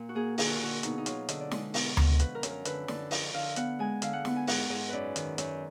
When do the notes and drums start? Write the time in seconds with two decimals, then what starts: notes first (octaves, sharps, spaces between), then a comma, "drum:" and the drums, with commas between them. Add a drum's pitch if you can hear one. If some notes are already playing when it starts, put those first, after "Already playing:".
Already playing: A#2
0.09 F#4
0.15 A#3 G#4
0.38 D3 G#4, drum: open hi-hat
0.47 F#4
0.55 F4
0.61 D3 F#4
0.83 B2 D#4, drum: hi-hat
0.98 D#4
1.06 F#3 F4, drum: hi-hat
1.29 D3 D#5, drum: hi-hat
1.41 D5
1.51 G#3 D#5, drum: snare
1.74 B2, drum: open hi-hat
1.97 B2, drum: tom D2
2.20 F3 B4, drum: hi-hat
2.35 A#4
2.43 F#2, drum: hi-hat
2.50 A#4
2.65 D3 B4, drum: hi-hat
2.88 D3 D5, drum: snare
3.11 F3 D#5, drum: open hi-hat
3.34 D3 F5
3.56 B3 F#5, drum: hi-hat
3.79 G#3 G#5
4.02 D3 F5, drum: hi-hat
4.13 F#5
4.25 B3, drum: snare
4.36 G#5
4.47 G#2 F#5, drum: open hi-hat
4.70 G#2 D#5
4.89 F#2 B4 D5
5.16 D#3, drum: hi-hat
5.38 F#2, drum: hi-hat